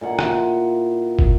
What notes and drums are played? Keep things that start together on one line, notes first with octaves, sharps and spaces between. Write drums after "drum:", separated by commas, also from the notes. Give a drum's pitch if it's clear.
A#2 E4 F#5
drum: rim click
drum: kick